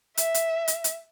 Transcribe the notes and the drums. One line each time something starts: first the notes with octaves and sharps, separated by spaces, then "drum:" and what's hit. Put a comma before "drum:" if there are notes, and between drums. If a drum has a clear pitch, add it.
E5, drum: hi-hat
drum: hi-hat
drum: hi-hat
drum: hi-hat